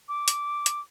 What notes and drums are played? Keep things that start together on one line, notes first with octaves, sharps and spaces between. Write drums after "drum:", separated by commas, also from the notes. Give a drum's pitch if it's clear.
D6
drum: hi-hat
drum: hi-hat